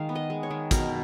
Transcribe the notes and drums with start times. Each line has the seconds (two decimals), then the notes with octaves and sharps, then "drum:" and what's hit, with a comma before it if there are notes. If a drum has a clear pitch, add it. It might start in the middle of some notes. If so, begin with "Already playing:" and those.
Already playing: D#3 G#3 F5
0.09 B3
0.15 D#5
0.30 G#3
0.43 C#5
0.50 D#3
0.71 B2 A#4, drum: kick, hi-hat